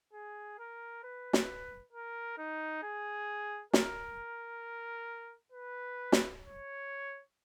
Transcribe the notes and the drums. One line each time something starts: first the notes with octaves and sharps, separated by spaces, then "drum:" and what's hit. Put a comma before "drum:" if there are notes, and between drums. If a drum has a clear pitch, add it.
G#4
A#4
B4
drum: snare
A#4
D#4
G#4
A#4, drum: snare
B4
drum: snare
C#5